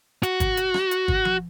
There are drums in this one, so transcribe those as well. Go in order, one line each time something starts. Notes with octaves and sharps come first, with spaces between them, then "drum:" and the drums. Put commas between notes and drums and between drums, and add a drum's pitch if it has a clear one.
F#4, drum: hi-hat
drum: kick, hi-hat
drum: hi-hat
drum: rim click
drum: hi-hat
drum: kick
drum: tom F3